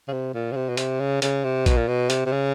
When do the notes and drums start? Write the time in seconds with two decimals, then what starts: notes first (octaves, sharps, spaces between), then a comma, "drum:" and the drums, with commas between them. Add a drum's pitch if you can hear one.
0.08 C#3
0.13 C3
0.34 A#2
0.52 C#3
0.56 C3
0.69 B2
0.77 C3, drum: hi-hat
1.00 C#3
1.22 C#3, drum: hi-hat
1.44 C3
1.66 B2, drum: kick A#1, hi-hat
1.77 A#2
1.88 B2
2.10 C3, drum: hi-hat
2.26 C3
2.32 C#3